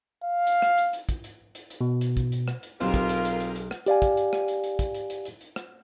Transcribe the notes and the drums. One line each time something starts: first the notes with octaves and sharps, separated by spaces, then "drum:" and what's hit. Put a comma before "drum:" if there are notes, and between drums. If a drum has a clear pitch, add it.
F5
drum: hi-hat
drum: rim click
drum: hi-hat
drum: hi-hat
drum: kick, hi-hat
drum: hi-hat
drum: hi-hat
drum: hi-hat
B2
drum: hi-hat
drum: kick, hi-hat
drum: hi-hat
drum: rim click
drum: hi-hat
B1 C4 F4 G4 G#4 A#4, drum: hi-hat
drum: kick, hi-hat
drum: hi-hat
drum: hi-hat
drum: hi-hat
drum: hi-hat
drum: rim click
G4 D5 F5 G#5, drum: hi-hat
drum: kick, hi-hat
drum: hi-hat
drum: rim click
drum: hi-hat
drum: hi-hat
drum: kick, hi-hat
drum: hi-hat
drum: hi-hat
drum: hi-hat
drum: hi-hat
drum: rim click